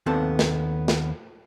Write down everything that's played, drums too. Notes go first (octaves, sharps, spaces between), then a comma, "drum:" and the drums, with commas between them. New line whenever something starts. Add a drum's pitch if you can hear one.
D#2 B3 C4 A4 A5
drum: snare
drum: snare